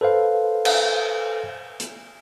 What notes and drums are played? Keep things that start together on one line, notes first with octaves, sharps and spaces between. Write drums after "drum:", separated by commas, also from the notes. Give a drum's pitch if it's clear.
A4 B4 C5 F5
drum: cymbal
drum: hi-hat